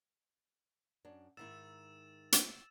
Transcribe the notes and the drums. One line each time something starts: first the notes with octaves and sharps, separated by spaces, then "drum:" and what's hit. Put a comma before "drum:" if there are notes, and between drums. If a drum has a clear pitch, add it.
F#2 D4
G#2 D#3 E4 E6 A6 E7
drum: hi-hat